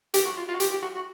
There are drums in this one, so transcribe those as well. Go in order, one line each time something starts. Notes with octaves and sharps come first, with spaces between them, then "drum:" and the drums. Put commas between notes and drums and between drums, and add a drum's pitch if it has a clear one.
G4, drum: hi-hat
F#4
F4
F4
F#4
G4, drum: hi-hat
G4
F#4
F#4